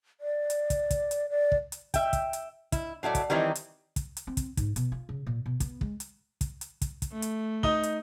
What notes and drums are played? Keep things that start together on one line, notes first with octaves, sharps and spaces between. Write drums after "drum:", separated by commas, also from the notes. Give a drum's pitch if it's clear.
D5
drum: hi-hat
drum: kick, hi-hat
drum: kick, hi-hat
drum: hi-hat
D5
drum: kick
drum: hi-hat
E5 G5, drum: kick, hi-hat
drum: kick, hi-hat
drum: hi-hat
E4, drum: kick, hi-hat
A2 F#3 A3 D5
drum: kick, hi-hat
D#3 E3 G3 C4 D#4 E4
drum: hi-hat
drum: kick, hi-hat
drum: hi-hat
C4
drum: kick, hi-hat
G#2, drum: kick, hi-hat
B2, drum: hi-hat
F4
C#3
A#2
B2
B3, drum: kick, hi-hat
G#3, drum: kick
drum: hi-hat
drum: kick, hi-hat
drum: hi-hat
drum: kick, hi-hat
drum: kick, hi-hat
A3
drum: hi-hat
D#4 D#6 G7, drum: kick
drum: hi-hat